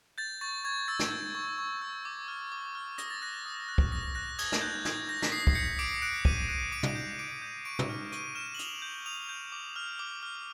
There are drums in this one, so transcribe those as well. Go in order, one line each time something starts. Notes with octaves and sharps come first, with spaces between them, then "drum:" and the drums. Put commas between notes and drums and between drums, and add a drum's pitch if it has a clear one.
G6 A6
C#6 A6
C#6 G#6
E6 A6
drum: snare
G6
C#6
C#6
E6
D6
F6
D6
F6
D#6 A#6, drum: hi-hat
A6
F#6 A#6
D#6
F#6
drum: kick
D#6 A#6
F#6 A#6
D#6 G#6, drum: cymbal
drum: snare
F#6 G6
D#6 G#6, drum: snare
G6 A#6
B6, drum: snare
D#6 C7
C7, drum: kick
G6 C#7
D6 D7
F#6 D7
D6 D#7, drum: kick
F#6 D#7
D6 D7
drum: tom
G6
D6 D7
G6
C#6 D7
drum: tom
F6
C#6 D#7, drum: hi-hat
F6 E7
F#7
D#6 F7, drum: hi-hat
G6
D#6 F7
G6
D6
F6
D6
F6